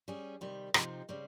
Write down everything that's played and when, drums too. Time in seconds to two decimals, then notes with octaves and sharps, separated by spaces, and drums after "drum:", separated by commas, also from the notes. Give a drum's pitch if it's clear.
0.08 G3 C#4 G#4
0.41 C3 D#3 G3
0.74 C3 F3 C4 D#4, drum: rim click
1.09 C#3 G3 C4